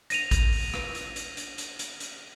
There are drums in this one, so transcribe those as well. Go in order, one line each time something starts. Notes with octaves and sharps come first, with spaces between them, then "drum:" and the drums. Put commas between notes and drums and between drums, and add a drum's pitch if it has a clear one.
A#6 D#7 F7, drum: hi-hat
drum: kick A1, hi-hat
drum: open hi-hat
drum: rim click
drum: hi-hat
drum: hi-hat
drum: hi-hat
drum: hi-hat
drum: hi-hat
drum: hi-hat